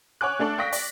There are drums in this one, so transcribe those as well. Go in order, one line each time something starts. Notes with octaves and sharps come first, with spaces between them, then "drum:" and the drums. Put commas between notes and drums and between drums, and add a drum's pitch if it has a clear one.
C#5 F#5 G#5 D6 F#6
A3 D4 A4 D5
F5 G5 C#6 D#6 A#6 B6
D5, drum: open hi-hat